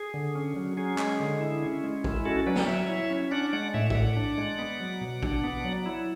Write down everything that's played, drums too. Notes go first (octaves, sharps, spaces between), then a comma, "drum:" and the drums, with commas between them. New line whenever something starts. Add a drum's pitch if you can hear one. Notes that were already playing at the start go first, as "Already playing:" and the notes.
Already playing: G#4
D3
C#4
F#3
C#4 G#4
G#3, drum: clap
D3
E4
C#4
G#3
E4, drum: kick A1
C#4 F#4 A4
F#3 B4 D5
drum: snare
F#3 C#5 E5
E4
C#4
D4 D5 F#5
G#3 D5 F#5
A2 C#5 E5
E5, drum: kick A1
A2 D5 F#5
D4
G#3
B3
F#3
B2
D4, drum: kick A1
B3
F#3
E4